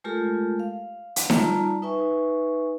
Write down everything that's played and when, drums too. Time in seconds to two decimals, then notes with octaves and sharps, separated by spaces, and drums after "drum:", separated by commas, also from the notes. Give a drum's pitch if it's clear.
0.04 G#3 A3 F4 G4 A4 A#4
0.60 F5
1.16 drum: hi-hat
1.30 G3 D#4 F4 D5 A5 A#5, drum: snare D#4
1.82 D#4 B4 E5 G#5 C#6